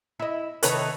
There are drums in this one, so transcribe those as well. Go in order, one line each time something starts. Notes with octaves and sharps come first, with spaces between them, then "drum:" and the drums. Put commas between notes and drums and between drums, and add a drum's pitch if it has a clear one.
E4 D#5
C3 D#3 D#4 A4 B4 C#5, drum: hi-hat